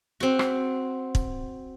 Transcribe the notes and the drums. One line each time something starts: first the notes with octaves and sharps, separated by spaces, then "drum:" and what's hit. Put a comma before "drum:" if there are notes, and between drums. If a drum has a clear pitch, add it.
C4 F#4
drum: rim click
drum: kick